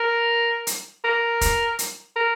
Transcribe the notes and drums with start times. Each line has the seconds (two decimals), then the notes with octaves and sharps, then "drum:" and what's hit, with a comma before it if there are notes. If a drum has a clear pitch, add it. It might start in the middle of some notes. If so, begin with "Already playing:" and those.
Already playing: A#4
0.67 drum: hi-hat
1.04 A#4
1.41 drum: kick, hi-hat
1.79 drum: hi-hat
2.16 A#4